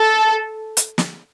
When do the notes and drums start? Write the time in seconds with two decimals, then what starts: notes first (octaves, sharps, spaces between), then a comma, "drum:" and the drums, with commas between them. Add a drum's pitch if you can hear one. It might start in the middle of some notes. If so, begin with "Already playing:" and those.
Already playing: A4
0.77 drum: hi-hat
0.98 drum: snare